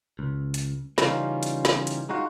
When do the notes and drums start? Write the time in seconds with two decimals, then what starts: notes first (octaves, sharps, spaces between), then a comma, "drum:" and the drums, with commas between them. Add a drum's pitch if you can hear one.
0.19 C#2
0.54 drum: hi-hat
0.98 C#3 E3 G3 C#4 D#4 F4, drum: snare
1.43 drum: hi-hat
1.65 drum: snare
1.87 drum: hi-hat
2.09 G#3 D#4 F4 F#4